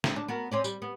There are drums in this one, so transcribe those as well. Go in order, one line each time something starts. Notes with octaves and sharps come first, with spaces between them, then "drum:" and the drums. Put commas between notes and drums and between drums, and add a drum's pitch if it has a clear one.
C4, drum: snare
D4
B3 F#4 A#4
C4 C#4 D5
G3, drum: tambourine
B3